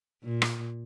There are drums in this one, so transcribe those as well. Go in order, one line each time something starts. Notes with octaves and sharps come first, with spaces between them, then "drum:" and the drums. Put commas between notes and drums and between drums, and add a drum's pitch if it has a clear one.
A#2
drum: rim click